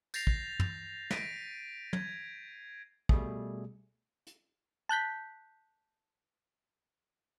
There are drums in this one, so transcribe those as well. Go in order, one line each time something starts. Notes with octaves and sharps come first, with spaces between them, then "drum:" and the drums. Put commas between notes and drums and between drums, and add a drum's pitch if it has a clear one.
G6 A6 A#6 C7 F7, drum: tambourine
drum: kick
drum: tom
A#6 B6 D7 D#7, drum: snare
G#6, drum: tom
B2 G3 A3 G#4, drum: kick
drum: hi-hat
A5 F#6 G6 B6